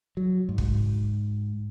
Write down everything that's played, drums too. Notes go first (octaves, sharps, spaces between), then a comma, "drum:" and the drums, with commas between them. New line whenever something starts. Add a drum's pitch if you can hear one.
F#3
G#2
drum: kick